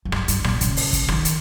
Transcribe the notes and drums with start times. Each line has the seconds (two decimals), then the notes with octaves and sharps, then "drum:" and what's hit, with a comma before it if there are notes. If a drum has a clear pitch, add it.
0.05 F2
0.12 G2, drum: rim click
0.28 G2, drum: hi-hat
0.44 A#2, drum: rim click
0.61 C#3, drum: hi-hat
0.77 drum: open hi-hat
0.93 drum: kick, hi-hat
1.09 D#3, drum: rim click
1.25 drum: hi-hat